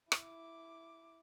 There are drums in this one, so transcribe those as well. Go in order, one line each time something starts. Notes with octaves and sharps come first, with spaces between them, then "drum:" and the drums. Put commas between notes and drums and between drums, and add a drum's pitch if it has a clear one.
E4 D6, drum: rim click